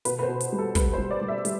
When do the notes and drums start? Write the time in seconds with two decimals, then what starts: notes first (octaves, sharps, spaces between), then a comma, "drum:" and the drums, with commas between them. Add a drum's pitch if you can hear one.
0.05 B2 B4, drum: hi-hat
0.19 B4
0.23 C5
0.28 B2
0.40 drum: hi-hat
0.52 G3
0.58 A4
0.75 G3 B4, drum: kick, hi-hat
0.93 C5
0.98 G3
1.11 D5
1.21 G3
1.28 E5
1.45 G3, drum: hi-hat